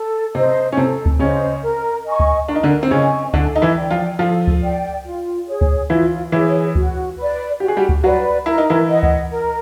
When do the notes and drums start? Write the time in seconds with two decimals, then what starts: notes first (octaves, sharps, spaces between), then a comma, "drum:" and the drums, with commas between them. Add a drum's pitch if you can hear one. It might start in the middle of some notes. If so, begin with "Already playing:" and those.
Already playing: A4
0.34 C3 C4 C5 D#5
0.72 C#4
0.77 C3 C4 A4
1.06 drum: kick C#2
1.19 C#3 C#4 C5 D#5
1.63 A#4
2.05 D#5 G#5 C#6
2.20 drum: kick C#2
2.48 D4 A#4
2.55 D#4
2.63 D3 D4
2.83 C4
2.91 C#3 C#4 D#5 G#5 C#6
3.34 D3 D4 A4, drum: kick C#2
3.56 D#4
3.62 E3 E4
3.77 D5 G5
3.90 F3 F4
4.19 F3 F4 A4
4.47 drum: kick C#2
4.62 D5 G5
5.05 F4
5.47 G#4 C#5
5.61 drum: kick C#2
5.90 E3 E4 F4
6.32 E3 E4 G#4 C#5
6.75 F#4, drum: kick C#2
7.18 B4 D5
7.60 F#4 G4
7.68 G#4
7.77 G3 G4
7.89 drum: kick C#2
8.03 F#3 F#4 B4 D5
8.46 E4 A#4
8.58 D#4
8.70 E3 E4
8.88 D#5 F#5
9.03 drum: kick C#2
9.32 A#4